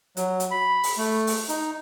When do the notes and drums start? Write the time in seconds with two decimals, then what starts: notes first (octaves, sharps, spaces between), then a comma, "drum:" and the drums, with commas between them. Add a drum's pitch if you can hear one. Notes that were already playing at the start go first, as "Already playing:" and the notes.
0.17 F#3, drum: hi-hat
0.40 drum: hi-hat
0.51 B5
0.83 drum: open hi-hat
0.98 A3
1.27 drum: open hi-hat
1.49 D#4, drum: hi-hat